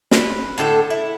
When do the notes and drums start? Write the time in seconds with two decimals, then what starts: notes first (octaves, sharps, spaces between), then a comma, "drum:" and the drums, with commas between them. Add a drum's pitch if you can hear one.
0.11 B4, drum: snare
0.58 A2 D3 A4 C5
0.90 E4